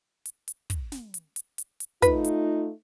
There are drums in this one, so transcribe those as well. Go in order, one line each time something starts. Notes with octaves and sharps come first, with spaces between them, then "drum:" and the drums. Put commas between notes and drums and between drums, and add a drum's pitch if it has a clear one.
drum: hi-hat
drum: hi-hat
drum: kick, hi-hat
drum: snare
drum: hi-hat
drum: hi-hat
drum: hi-hat
drum: hi-hat
A3 D#4 F4 B4, drum: kick, hi-hat
drum: hi-hat